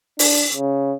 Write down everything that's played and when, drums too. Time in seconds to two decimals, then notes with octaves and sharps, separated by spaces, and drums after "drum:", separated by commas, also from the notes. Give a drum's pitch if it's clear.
0.19 D4, drum: open hi-hat
0.53 C#3